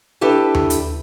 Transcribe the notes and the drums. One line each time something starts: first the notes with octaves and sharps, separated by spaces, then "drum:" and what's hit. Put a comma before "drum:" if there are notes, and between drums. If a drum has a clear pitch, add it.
D4 E4 G4 A4 B4
drum: tom D#2
drum: hi-hat